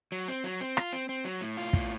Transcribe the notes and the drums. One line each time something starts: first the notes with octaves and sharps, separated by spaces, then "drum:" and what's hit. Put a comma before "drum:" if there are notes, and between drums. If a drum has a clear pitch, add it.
F#3
C4
F#3
C4
F4, drum: rim click
C4
C4
F#3
A2
F4
A2, drum: kick